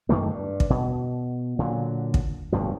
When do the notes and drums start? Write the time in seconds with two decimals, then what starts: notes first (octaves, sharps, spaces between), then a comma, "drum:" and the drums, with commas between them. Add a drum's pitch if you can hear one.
0.09 F#2 D#3 A3 A#3
0.30 G2
0.60 drum: kick
0.70 B2
1.59 A#2 D3 E3 F#3
2.14 drum: kick
2.52 D1 G2 B2 F3